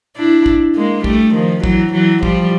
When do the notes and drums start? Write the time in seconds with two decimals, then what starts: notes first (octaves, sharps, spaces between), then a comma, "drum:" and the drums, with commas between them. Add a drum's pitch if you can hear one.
0.16 D4 E4
0.46 drum: kick
0.75 G#3 A#3
1.04 G3 A3, drum: kick
1.34 D#3 F3
1.64 E3 F#3, drum: kick
1.93 E3 F#3
2.23 F3 G3, drum: kick